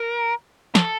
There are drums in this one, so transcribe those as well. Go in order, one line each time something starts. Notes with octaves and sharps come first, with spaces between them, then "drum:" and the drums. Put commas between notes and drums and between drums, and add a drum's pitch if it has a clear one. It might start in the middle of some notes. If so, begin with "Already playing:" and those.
Already playing: A#4
A4, drum: snare